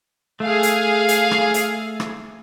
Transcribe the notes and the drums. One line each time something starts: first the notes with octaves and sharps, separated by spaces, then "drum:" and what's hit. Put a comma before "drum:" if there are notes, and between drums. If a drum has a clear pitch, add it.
A3 G#4 F5
drum: hi-hat
drum: hi-hat
drum: rim click
drum: hi-hat
drum: rim click